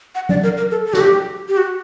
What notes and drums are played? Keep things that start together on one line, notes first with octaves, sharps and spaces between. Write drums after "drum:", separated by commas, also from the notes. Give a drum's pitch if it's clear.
F#5
D5, drum: tom F#3
A#4
A#4
A4
A4
F#4, drum: snare
G4
G4
F#4